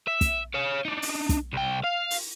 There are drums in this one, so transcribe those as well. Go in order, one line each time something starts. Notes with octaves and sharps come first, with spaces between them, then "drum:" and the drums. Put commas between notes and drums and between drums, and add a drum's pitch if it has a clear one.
E5
drum: kick, hi-hat
C#5 F5
D4 D#4
drum: open hi-hat
drum: kick, hi-hat
C2 G5
F5
drum: open hi-hat